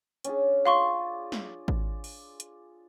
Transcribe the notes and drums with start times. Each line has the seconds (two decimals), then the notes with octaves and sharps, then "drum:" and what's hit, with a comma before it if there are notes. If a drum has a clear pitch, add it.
0.25 C#4 D4 G#4, drum: hi-hat
0.66 F4 D5 F5 C6 C#6
1.32 drum: snare
1.68 drum: kick G#1
2.04 drum: open hi-hat
2.40 drum: hi-hat